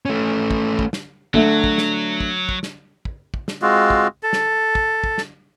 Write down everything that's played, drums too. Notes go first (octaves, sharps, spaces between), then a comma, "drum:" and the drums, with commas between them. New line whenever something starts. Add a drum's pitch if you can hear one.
A3 C#4
drum: kick
drum: kick
drum: snare
D3 F#3 A3, drum: kick
drum: kick
drum: snare
drum: kick
drum: kick
drum: snare
drum: kick
drum: kick
drum: snare
G#3 C4 F4 F#4
drum: kick
A4
drum: snare
drum: kick
drum: kick
drum: snare